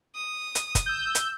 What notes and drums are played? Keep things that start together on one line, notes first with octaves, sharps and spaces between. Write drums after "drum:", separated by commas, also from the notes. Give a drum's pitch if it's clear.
D#6
drum: hi-hat
drum: kick, hi-hat
E6 G6
drum: hi-hat